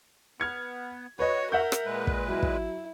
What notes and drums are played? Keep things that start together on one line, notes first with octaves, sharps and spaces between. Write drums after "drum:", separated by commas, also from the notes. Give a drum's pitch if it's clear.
B3 F6 G#6 C#7
F#4 B4 C#5 D#5
A#4 E5 F#5 G6
drum: rim click
A#2 G#3 B4
drum: kick
F#3 E4
drum: kick